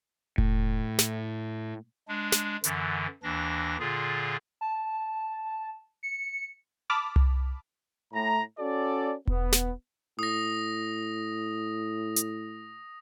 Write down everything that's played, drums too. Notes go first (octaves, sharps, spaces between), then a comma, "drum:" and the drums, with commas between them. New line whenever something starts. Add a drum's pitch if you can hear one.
A2, drum: kick E1
drum: snare
G#3 D4
drum: snare
F#2 D3 E3, drum: hi-hat
D#2 E3 D4 A#6
A#2 D3 F4 G#4
A5
C#7
A5 B5 D6 D#6 F6
drum: tom C2
A2 A#5
C#4 F#4 A4 D5
B3, drum: kick E1
drum: snare
A2 D#6 A#6
drum: hi-hat